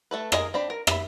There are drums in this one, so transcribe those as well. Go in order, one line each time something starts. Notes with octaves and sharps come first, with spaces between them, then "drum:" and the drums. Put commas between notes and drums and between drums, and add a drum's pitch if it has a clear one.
A3 A4 B4
G#4 A#4 D#5 G#5, drum: rim click
C4 D4 B5
A#4
E5 B5, drum: rim click